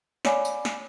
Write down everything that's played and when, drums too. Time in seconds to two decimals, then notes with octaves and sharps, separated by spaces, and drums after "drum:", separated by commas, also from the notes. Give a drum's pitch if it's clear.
0.25 C#5 D5 F5 G#5 B5 D6, drum: snare
0.45 drum: tambourine
0.65 drum: snare